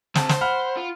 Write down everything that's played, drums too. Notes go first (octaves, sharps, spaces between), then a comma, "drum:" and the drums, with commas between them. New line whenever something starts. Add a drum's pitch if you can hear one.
C4 G#4 A5, drum: snare
C5, drum: snare
F#5 B5 F6
F4